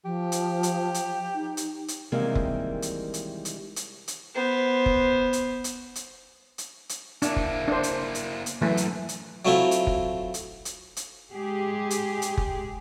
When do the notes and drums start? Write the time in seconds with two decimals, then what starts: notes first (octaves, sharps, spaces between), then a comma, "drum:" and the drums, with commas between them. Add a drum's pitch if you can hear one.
0.05 F3 G4
0.32 drum: hi-hat
0.63 drum: hi-hat
0.94 drum: hi-hat
1.35 D#4
1.57 drum: hi-hat
1.88 drum: hi-hat
2.12 C3 D#3 E3 G3 G#3 A#3
2.35 drum: kick F1
2.82 drum: hi-hat
3.14 drum: hi-hat
3.45 drum: hi-hat
3.76 drum: hi-hat
4.08 drum: hi-hat
4.34 B3 C5
4.86 drum: kick F1
5.33 drum: hi-hat
5.64 drum: hi-hat
5.95 drum: hi-hat
6.58 drum: hi-hat
6.89 drum: hi-hat
7.22 A#3 D4 E4, drum: hi-hat
7.36 drum: kick F1
7.68 D4 C5
7.83 drum: hi-hat
8.15 drum: hi-hat
8.46 drum: hi-hat
8.61 F#2 E3 A3
8.77 drum: hi-hat
9.09 drum: hi-hat
9.45 F#3 A3 C4 E4 F4
9.71 drum: hi-hat
9.87 drum: kick F1
10.34 drum: hi-hat
10.65 drum: hi-hat
10.97 drum: hi-hat
11.33 G#3 G4 G#4
11.90 drum: hi-hat
12.22 drum: hi-hat
12.37 drum: kick F1